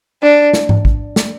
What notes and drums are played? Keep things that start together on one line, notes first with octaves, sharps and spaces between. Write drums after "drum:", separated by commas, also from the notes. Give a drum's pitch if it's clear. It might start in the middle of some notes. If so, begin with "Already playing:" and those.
D4
drum: snare
drum: tom G#2
drum: kick
drum: snare